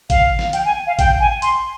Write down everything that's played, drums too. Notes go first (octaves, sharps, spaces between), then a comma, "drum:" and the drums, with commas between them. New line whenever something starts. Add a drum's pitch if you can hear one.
F5, drum: kick A1, hi-hat
drum: snare
G5, drum: hi-hat
G#5
F5
G5, drum: kick A1, hi-hat
G#5
C6, drum: hi-hat